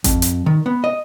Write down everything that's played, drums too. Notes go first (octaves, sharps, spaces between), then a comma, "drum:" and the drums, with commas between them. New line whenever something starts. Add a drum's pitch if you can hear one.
F2, drum: kick G#1, hi-hat
drum: hi-hat
D#3
B3
D#5